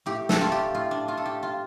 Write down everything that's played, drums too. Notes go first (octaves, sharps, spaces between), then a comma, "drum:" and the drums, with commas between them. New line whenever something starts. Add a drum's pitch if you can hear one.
A2 G4
A4, drum: snare
A3 D4 F4
G4
A2 F4
D4
A3 D4 F4
A4
G4
F4